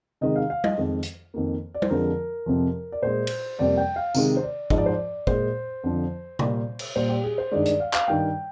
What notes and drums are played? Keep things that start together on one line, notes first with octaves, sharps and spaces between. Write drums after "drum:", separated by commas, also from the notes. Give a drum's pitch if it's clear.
C3 D#3 G#3 D#5
F5
F5
D#5, drum: tom G3
F2 D#3 G#3
drum: hi-hat
F2 D#3 A#3
D5
C5, drum: tom G3
F2 D3 F3 G#3 A#4
F2 C3 F3
D5
A#2 G#3 C5
drum: cymbal
F2 C3 G3 A#3 D5
G5
F5
C3 D#3 G#3, drum: tambourine
C5
D5
G#2 F3 G#3 D#5, drum: kick
D5
C5
D5
A#2 G#3 C5, drum: kick
F2 D3 F3
A#2 G3 A#3, drum: tom
drum: cymbal
A#2 G3 A#3 C5
G4
G#4
C5
G2 D#3 G#3 D5
D5, drum: hi-hat
F5
F5, drum: clap
G2 D#3 G3 G5